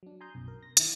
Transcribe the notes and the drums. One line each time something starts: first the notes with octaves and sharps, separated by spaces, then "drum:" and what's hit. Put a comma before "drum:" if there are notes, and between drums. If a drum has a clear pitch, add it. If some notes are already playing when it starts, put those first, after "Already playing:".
F#3 D4
G#5 A#5 C6 D#6 G6
B1 F#2 B2
A#4
A#6
D#3 E4, drum: hi-hat